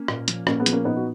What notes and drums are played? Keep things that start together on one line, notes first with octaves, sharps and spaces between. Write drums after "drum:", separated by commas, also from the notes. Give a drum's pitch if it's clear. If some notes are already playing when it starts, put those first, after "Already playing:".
Already playing: A#3 C#4
A#2, drum: rim click
F3, drum: hi-hat
A#2 A#3 C#4, drum: rim click
G#3 B3
F3, drum: hi-hat
A#3 C#4
A#2 B3 D#4
F#4